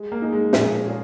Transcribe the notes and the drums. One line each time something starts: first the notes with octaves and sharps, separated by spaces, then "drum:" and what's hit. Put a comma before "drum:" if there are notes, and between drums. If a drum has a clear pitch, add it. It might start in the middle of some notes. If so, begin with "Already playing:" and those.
Already playing: G#3
A#3
D#4 G#4
G#3
A#2 F3, drum: snare
C#4 F4 G#4